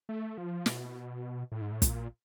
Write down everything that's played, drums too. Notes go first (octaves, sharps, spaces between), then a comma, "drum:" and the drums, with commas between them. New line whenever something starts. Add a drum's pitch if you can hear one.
A3
F3
B2, drum: snare
A2
G#2
A2
A#2, drum: kick, hi-hat